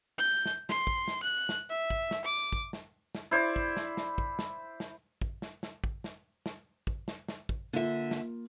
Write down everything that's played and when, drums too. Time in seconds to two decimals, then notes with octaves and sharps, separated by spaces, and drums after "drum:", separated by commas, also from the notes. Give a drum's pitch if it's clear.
0.18 G6
0.46 drum: snare
0.69 C6, drum: snare
0.87 drum: kick
1.08 drum: snare
1.23 F#6
1.49 drum: snare
1.70 E5
1.90 drum: kick
2.11 drum: snare
2.25 D6
2.52 drum: kick
2.73 drum: snare
3.15 drum: snare
3.31 E4 C5 D5
3.56 drum: kick
3.77 drum: snare
3.97 drum: snare
4.18 drum: kick
4.39 drum: snare
4.80 drum: snare
5.22 drum: kick
5.42 drum: snare
5.63 drum: snare
5.84 drum: kick
6.04 drum: snare
6.46 drum: snare
6.87 drum: kick
7.08 drum: snare
7.28 drum: snare
7.49 drum: kick
7.73 D3 A#3 F4 E5
8.11 drum: snare